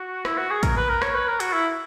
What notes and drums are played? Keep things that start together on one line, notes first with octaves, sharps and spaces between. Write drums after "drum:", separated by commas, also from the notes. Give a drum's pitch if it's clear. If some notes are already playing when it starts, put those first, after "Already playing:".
Already playing: F#4
E4, drum: rim click
F#4
G#4
A#4, drum: kick, hi-hat
B4
A#4
C#5, drum: rim click
B4
A#4
F#4, drum: hi-hat
E4